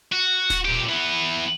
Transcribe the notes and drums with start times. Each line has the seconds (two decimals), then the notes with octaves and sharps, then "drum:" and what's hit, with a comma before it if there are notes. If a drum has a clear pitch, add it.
0.12 F#4
0.50 drum: snare D1
0.65 A#2 G4
0.89 E3 B3